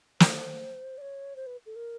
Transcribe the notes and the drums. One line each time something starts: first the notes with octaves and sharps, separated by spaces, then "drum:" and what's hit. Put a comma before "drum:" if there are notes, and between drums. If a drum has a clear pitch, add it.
C5, drum: snare
D5
C#5
C5
B4
A4
A#4